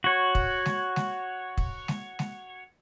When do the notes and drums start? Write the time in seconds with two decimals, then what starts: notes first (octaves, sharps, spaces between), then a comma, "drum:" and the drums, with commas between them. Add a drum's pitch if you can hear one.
0.04 F#4 C#5
0.35 drum: kick
0.66 drum: snare G#3
0.96 drum: snare G#3
1.58 drum: kick
1.88 drum: snare G#3
2.19 drum: snare G#3